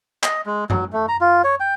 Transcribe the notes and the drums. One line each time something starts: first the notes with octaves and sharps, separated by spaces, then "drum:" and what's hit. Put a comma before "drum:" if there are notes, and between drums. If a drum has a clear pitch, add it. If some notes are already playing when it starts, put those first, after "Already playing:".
D#5, drum: clap
G#3
F#3, drum: tom F#2
A3
A#5
F4
C#5
G5